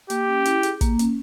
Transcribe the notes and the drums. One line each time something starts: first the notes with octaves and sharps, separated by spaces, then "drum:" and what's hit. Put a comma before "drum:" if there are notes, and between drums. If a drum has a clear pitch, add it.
A#3 G4, drum: hi-hat
C#4
E4, drum: hi-hat
G#4, drum: hi-hat
A#3, drum: kick, hi-hat
C#4, drum: hi-hat